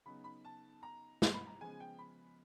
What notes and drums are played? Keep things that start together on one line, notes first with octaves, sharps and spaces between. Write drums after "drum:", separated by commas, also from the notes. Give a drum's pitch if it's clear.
C#3 F#3 B3 D#4 B5
B5
A5
A#5
C6, drum: snare
B5
A#5
C#3 F3 G#3 B3 G#5
G5
B5